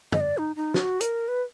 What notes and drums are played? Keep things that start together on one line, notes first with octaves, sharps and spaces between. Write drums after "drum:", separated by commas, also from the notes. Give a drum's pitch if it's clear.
D#5, drum: tom
D5
D#4
D#4
F#4, drum: snare
A#4, drum: hi-hat
B4